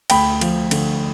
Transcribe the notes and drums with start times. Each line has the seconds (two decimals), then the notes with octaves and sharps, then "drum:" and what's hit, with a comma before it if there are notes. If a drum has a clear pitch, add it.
0.10 D2 G5 B5, drum: cymbal
0.41 F3, drum: cymbal
0.71 D3, drum: cymbal